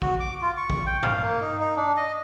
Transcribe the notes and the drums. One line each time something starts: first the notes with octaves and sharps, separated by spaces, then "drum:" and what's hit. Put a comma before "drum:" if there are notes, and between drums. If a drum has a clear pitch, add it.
F#4, drum: kick A1
D6
F4
C#6
drum: kick A1
G5
F5, drum: tom G2
A#3
D#4
D#4
D4
D#5